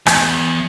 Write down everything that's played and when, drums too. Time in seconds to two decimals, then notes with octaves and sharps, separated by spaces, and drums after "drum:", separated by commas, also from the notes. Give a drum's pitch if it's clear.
0.06 E2, drum: rim click